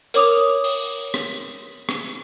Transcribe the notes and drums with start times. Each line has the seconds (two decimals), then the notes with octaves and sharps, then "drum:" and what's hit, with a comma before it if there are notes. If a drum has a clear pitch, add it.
0.14 A#4 C#5 D6 D#6 F7, drum: hi-hat
0.64 drum: open hi-hat
1.14 drum: rim click
1.89 drum: rim click